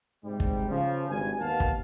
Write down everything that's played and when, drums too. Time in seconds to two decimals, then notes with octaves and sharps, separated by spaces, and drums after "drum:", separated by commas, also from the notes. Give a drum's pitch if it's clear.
0.24 G#2 C3 G3
0.40 drum: kick
0.70 C#3 F3
1.09 G#1 G2 G3 G#5
1.39 D#2 B3 A#4 F5 A5
1.60 drum: kick